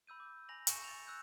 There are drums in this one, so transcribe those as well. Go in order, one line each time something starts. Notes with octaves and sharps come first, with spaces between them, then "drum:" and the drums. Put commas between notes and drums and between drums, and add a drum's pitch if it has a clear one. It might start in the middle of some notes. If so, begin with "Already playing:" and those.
B5 E6 G6 D#7
D6
G#5 B5 A#6 F7 F#7
G#5 C#6 C#7 D#7 E7 F#7, drum: hi-hat
A6 F7
E6 F#6 G6